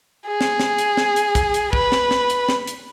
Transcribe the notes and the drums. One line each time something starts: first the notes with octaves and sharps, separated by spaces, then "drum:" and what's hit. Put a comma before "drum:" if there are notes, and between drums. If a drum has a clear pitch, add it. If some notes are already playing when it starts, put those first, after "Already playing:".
G#4
drum: snare
drum: snare
drum: hi-hat
drum: snare
drum: hi-hat
drum: kick, hi-hat
drum: hi-hat
B4, drum: kick
drum: snare
drum: snare
drum: hi-hat
drum: snare
drum: hi-hat